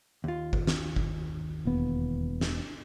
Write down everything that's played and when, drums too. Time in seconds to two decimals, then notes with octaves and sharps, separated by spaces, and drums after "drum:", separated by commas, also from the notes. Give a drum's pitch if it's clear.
0.24 D#2 F4
0.53 drum: kick G1
0.67 drum: snare
0.96 drum: kick G1
1.65 E1 A#3 B3
2.41 drum: snare